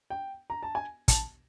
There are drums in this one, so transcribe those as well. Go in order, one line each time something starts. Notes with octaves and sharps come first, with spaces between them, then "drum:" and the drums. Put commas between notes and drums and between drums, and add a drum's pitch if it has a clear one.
G5
A#5
A5
G#5
A5, drum: kick, hi-hat